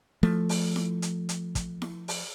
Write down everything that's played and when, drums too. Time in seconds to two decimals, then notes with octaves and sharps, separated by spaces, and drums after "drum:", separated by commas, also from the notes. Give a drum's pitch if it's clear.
0.23 F3 A3, drum: snare E4
0.49 drum: open hi-hat
0.76 drum: snare E4
1.02 drum: hi-hat
1.29 drum: hi-hat
1.55 drum: kick, hi-hat
1.82 drum: snare E4
2.08 drum: open hi-hat